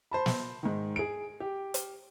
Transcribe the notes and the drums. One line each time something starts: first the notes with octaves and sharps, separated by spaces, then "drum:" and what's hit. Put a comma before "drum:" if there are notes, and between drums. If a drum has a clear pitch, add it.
C5 A5 B5
drum: snare
G#2 D#3
G#4 D7
G4
drum: hi-hat